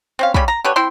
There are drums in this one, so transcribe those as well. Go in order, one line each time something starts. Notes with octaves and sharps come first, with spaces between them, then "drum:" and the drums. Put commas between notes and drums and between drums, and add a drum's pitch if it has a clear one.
C4 C#4 F5
C#3 G3 C#4 B5, drum: kick
A#5
D3 G4 B4 C#5
C4 E4 G5 C6